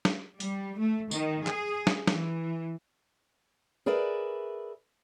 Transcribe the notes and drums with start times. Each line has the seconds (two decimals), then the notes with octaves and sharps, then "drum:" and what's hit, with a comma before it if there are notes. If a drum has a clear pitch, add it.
0.05 drum: snare
0.40 G3, drum: hi-hat
0.78 A3
1.11 D#3, drum: tambourine
1.47 G#4, drum: clap
1.87 drum: snare
2.07 E3, drum: snare
3.86 G#4 A#4 B4 D5 E5